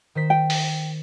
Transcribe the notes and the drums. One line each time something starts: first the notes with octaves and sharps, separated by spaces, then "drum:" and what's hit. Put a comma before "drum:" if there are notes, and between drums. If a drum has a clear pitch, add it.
D#3 C5 B6
G5
drum: open hi-hat